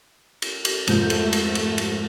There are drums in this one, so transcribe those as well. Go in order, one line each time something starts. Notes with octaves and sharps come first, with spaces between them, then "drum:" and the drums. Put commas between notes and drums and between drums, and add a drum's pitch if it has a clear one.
drum: cymbal
drum: cymbal
F2 G#2 A3 G6, drum: cymbal
drum: cymbal
drum: cymbal
drum: cymbal
drum: cymbal